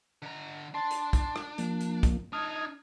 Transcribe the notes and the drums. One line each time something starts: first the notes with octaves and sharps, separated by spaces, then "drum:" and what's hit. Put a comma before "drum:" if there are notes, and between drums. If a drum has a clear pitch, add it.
D3 A#5
D4 A5 C6
drum: hi-hat
drum: kick, hi-hat
drum: rim click
F3 A#3, drum: hi-hat
drum: hi-hat
drum: kick, hi-hat
D4 D#4 D#6 F6 G#6